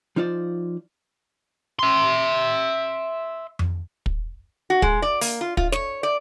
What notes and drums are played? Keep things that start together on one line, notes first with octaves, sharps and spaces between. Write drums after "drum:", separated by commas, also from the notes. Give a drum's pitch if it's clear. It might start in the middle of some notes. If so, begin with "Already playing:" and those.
F3 D#4 F4 C5 D5
E5 C6
drum: tom F2
drum: kick
F#4
G#3, drum: kick
D5
A#3, drum: open hi-hat
F4
F4, drum: kick
C#5, drum: snare
D5